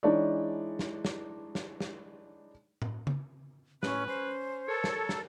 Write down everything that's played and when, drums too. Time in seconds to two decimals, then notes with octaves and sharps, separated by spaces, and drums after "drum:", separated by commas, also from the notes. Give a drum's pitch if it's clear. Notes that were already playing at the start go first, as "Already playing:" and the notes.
0.03 E3 G#3 D4 D#4 C#5 D5
0.79 drum: snare
1.05 drum: snare
1.55 drum: snare
1.80 drum: snare
2.82 drum: tom A2
3.07 drum: tom C#3
3.83 A2 C#4 B4, drum: snare
4.08 C#4 C5
4.68 A4 A#4 C#5
4.84 drum: snare
5.09 drum: snare